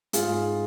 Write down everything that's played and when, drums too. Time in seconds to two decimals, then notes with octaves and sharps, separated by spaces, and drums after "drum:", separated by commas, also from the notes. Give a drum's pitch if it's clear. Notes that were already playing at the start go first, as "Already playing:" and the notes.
0.13 G#2 F4 G#4, drum: hi-hat